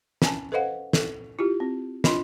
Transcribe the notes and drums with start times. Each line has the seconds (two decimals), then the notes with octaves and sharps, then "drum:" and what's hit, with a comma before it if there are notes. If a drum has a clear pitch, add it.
0.22 C#4 G#5 A5, drum: snare
0.52 A4 B4 C5 D#5 F5 F#5
0.93 A4, drum: snare
1.39 E4 F4 G4
1.60 C4
2.04 D4 F4 D#5 B5 C6, drum: snare